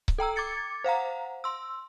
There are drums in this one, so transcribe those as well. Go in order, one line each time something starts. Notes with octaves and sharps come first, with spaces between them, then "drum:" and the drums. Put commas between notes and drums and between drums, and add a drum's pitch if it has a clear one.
drum: kick C#1
A4 G5 A#5 E6
D6 G#6 A6 C#7
C5 F5 F#5 A#5
C6 E6